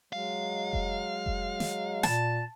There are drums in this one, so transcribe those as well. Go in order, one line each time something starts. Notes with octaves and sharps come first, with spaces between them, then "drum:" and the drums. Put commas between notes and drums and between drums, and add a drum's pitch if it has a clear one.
F#3 G#3 F5
drum: kick F1
drum: kick F1
drum: snare
A#2 A5, drum: snare